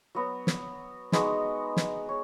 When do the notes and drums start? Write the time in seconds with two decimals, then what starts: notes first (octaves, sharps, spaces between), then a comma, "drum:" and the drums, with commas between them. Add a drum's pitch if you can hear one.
0.15 F#3 B3 F#4
0.47 drum: snare
1.12 G#3 B3 D#4 F#4, drum: snare
1.77 drum: snare
2.09 C#5